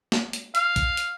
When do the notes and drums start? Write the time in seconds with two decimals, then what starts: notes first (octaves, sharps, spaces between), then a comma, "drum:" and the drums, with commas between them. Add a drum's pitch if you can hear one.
0.12 drum: snare
0.33 drum: hi-hat
0.55 F5, drum: hi-hat
0.76 drum: kick B1, hi-hat
0.97 drum: hi-hat